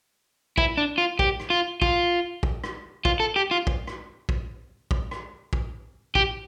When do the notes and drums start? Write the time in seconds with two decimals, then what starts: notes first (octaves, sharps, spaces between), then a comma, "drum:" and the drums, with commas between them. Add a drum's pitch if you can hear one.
0.58 E4, drum: kick
0.77 D4
0.98 F4
1.19 G4, drum: kick
1.40 drum: rim click
1.50 F4
1.82 F4, drum: kick
2.43 drum: kick
2.64 drum: rim click
3.05 F4, drum: kick
3.20 A4
3.36 G4
3.51 F4
3.67 drum: kick
3.87 drum: rim click
4.29 drum: kick
4.91 drum: kick
5.11 drum: rim click
5.53 drum: kick
6.15 G4, drum: kick